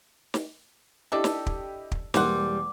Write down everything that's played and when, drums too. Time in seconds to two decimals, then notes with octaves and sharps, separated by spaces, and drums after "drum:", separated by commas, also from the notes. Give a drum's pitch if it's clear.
0.34 drum: snare
1.12 D4 E4 G4 A4 D#5
1.24 drum: snare
1.46 drum: kick
1.92 drum: kick
2.14 E1 G3 A#3 C5 F#5 D6, drum: snare